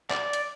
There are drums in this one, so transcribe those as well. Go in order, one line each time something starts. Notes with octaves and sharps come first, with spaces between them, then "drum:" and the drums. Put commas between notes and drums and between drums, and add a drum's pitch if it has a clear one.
D5, drum: clap
drum: hi-hat